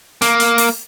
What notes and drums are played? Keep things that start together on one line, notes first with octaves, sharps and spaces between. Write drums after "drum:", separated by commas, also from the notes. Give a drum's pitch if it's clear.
A#3, drum: hi-hat
drum: hi-hat
drum: open hi-hat